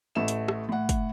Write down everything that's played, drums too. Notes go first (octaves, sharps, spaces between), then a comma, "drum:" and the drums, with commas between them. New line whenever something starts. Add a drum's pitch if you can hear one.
A1 A3 E7
drum: hi-hat
drum: rim click
A2 F#5
drum: kick, hi-hat